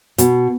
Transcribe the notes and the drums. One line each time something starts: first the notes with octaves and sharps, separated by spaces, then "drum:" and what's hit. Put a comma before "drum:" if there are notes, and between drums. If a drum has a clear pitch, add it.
B2, drum: hi-hat